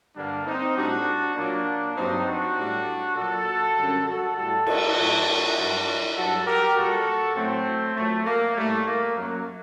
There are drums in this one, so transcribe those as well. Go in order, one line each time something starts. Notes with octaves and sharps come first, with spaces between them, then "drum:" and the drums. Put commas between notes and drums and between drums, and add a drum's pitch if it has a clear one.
G2 D3 G3 A#3 D4
C4 D#4
A2 G3 D4 F#4
A#2 F#3 A#3 D4
G2 F#3 C4 D#4
D4 F#4
A2 G3
A#2 F#3 F#4 A4
F#2 D3 G3
F#4 A4
A2 G3 F#4 A4
F#4 A4, drum: cymbal
A2 F#3
D4 F#4
G2 F#3
G2 F#3 F#4 A4
G4 A#4
A#2 G3 F#4 A4
A2 F#3 A3 C4
A#2 F#3 A3
A#3
A2 G3 A3
A#3
F#2 F#3